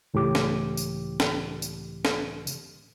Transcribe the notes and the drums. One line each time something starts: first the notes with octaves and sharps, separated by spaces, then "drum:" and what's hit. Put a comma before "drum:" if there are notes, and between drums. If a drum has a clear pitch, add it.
C#2 A2 E3 G4 D6
drum: snare
drum: tambourine
drum: snare
drum: tambourine
drum: snare
drum: tambourine